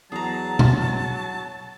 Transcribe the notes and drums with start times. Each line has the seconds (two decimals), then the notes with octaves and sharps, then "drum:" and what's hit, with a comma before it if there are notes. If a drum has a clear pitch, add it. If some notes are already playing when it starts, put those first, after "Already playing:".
0.12 E2 F#3 G#4 A5 A#5
0.59 drum: tom B2